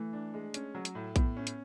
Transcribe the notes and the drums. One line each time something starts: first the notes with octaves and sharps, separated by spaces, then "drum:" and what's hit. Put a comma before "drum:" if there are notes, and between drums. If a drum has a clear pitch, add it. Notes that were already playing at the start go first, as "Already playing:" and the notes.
Already playing: E3 A3
D4
G#3
C#4, drum: hi-hat
F#3
drum: hi-hat
A2
A2 B3, drum: kick A#1, hi-hat
C#4
drum: hi-hat